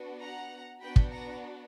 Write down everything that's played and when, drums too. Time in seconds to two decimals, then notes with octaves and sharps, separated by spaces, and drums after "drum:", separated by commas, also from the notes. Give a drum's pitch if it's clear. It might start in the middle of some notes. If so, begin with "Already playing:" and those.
Already playing: B3 D4 F#4
0.20 F#5 A#5
0.81 B3 D4 F#4 G5 B5
0.96 drum: kick
1.12 F#5 A#5